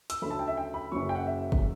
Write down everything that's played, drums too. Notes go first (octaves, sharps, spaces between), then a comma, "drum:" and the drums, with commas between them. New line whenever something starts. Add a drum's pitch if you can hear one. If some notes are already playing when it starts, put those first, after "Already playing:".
E6, drum: hi-hat
D2 C#3 F#3 A3 B5
A5
G5
E5
G5
B5
F#1 F#2 C#3 F#3 C#6
G5
F#5
E5
drum: kick